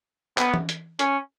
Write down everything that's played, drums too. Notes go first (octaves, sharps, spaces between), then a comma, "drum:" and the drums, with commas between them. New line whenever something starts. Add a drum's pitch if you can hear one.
B3, drum: clap
drum: tom E3
drum: hi-hat
C#4, drum: hi-hat